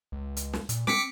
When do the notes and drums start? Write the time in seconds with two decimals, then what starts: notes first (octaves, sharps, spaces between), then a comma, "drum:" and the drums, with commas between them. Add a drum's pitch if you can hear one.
0.12 C#2
0.37 drum: hi-hat
0.53 drum: snare
0.69 A#2, drum: hi-hat
0.87 C4 D6 B6 C#7, drum: snare